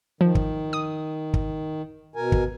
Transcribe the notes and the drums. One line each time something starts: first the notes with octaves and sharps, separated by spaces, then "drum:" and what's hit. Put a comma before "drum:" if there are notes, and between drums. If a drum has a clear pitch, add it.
D#3 F3
drum: kick
D#6
drum: kick
B2 A#4 G#5
drum: kick